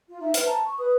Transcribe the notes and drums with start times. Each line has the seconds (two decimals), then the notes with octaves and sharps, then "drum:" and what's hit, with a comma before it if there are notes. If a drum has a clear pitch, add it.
0.09 F4
0.21 D#4 E5
0.34 B4 C5 E5 F6, drum: hi-hat
0.46 A5 A#5
0.65 C#6
0.78 B4 D#6